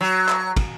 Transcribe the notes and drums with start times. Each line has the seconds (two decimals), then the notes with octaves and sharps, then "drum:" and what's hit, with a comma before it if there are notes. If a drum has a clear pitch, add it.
0.01 F#3
0.28 drum: clap
0.56 drum: kick, cymbal